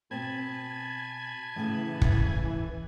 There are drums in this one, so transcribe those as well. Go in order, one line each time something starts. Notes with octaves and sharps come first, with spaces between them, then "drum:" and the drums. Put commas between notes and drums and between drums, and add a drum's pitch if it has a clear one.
B2 C4 G#5 A5 B5 G#6
A2 C#3 E3
drum: kick